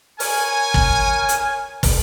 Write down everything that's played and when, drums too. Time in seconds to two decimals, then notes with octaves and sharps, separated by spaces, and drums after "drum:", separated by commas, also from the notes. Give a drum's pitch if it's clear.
0.20 A#4 C#5 G#5, drum: open hi-hat
0.74 drum: kick
1.29 drum: hi-hat
1.83 drum: kick, open hi-hat